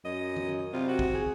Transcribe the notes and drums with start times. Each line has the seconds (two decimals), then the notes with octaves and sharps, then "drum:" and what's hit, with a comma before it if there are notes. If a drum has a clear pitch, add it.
0.05 F#2 D#5
0.37 drum: tom D#3
0.73 C3 F4
0.88 F#4
0.99 drum: kick
1.15 G#4